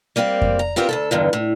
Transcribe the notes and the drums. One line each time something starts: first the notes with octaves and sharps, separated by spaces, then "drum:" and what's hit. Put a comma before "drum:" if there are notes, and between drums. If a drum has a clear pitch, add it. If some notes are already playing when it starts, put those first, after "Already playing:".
G3 A#3 C4 F#4 G4
drum: kick F2
A#5
B3 C4 F4 G4 A#4
D2 B2 A4
E2 G2 D3 D#3
A2